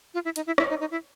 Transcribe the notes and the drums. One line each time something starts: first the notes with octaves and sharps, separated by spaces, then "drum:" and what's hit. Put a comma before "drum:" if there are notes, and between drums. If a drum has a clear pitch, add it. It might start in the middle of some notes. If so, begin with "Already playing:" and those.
F4
E4
D#4, drum: hi-hat
E4
E4, drum: rim click
D#4
D#4
E4